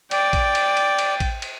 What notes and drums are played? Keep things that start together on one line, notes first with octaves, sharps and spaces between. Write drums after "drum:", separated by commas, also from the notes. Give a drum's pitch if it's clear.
D5 G5 A6, drum: cymbal
drum: kick A1, cymbal
drum: cymbal
drum: cymbal
drum: cymbal
drum: kick A1, cymbal
drum: cymbal